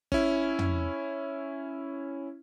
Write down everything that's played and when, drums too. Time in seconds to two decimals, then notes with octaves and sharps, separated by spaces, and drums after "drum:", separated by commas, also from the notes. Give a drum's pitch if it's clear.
0.12 C#4 E4, drum: kick
0.59 drum: tom